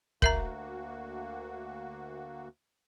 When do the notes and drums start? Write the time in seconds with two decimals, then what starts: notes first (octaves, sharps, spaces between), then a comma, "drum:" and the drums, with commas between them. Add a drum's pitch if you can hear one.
0.22 D2 A#3 F#4 A#4 E5 A#5, drum: kick